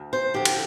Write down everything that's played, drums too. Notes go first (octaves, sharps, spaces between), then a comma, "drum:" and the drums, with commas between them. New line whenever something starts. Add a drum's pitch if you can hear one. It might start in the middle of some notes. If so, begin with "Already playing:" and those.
Already playing: D2
C5
D3 F3 G4
drum: cymbal